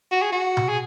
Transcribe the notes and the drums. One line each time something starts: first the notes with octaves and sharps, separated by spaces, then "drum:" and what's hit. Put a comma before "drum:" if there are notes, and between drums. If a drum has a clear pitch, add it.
F#4
G#4
F#4
drum: tom B2
G#4